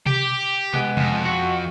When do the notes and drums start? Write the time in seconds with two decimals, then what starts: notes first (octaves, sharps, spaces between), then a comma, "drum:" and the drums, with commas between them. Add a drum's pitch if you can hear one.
0.06 G4, drum: tom B2
0.74 G#3 B3, drum: tom B2
0.97 F2, drum: tom B2
1.25 F#4